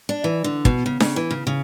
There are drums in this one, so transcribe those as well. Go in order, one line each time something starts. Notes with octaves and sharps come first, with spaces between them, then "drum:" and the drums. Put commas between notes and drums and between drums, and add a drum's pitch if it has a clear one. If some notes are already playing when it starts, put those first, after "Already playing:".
D4
E3
D3
B2, drum: kick
C#3
C#3, drum: snare D4
E3
C#3
C#3